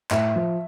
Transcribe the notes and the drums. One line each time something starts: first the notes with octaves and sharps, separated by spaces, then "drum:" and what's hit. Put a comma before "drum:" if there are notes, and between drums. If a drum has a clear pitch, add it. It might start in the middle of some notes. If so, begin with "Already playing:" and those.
A2 E5, drum: clap
F3